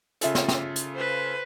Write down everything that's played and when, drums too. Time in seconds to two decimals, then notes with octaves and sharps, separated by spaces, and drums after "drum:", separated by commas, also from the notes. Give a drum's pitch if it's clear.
0.21 C#3 C#4 F4 A4 E5, drum: hi-hat
0.35 drum: snare
0.49 drum: snare
0.76 drum: hi-hat
0.94 B4 C5